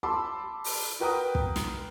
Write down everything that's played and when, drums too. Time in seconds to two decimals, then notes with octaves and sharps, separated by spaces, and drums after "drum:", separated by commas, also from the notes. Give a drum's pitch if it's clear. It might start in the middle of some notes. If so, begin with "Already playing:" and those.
0.03 A5 B5 C6 D6 E6
0.64 drum: open hi-hat
1.00 F#4 A#4 B4 G5 A#5 D#6
1.35 drum: kick
1.56 drum: snare